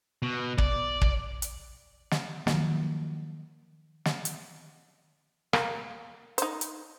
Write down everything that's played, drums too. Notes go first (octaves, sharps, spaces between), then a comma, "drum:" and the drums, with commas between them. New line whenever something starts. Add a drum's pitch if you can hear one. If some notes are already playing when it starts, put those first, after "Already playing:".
B2
D5, drum: kick
drum: kick
drum: hi-hat
drum: snare
D#3 F3 F#3 A#3, drum: snare
drum: snare
drum: hi-hat
A#3, drum: rim click
D#4 C5, drum: hi-hat
drum: hi-hat